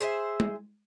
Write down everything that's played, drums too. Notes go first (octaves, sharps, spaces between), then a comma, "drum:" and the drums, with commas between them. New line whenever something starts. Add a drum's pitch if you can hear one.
G#4 C5 D#5 E5
drum: tom G#3